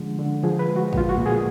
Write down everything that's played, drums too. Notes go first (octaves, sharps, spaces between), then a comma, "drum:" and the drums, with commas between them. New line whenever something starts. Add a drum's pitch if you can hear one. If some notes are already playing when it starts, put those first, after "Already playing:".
Already playing: D3 F3 G#3
D3
F3 G#4
B4
G#3
F#4
A#2 F4, drum: kick
F#4
A#2
G#4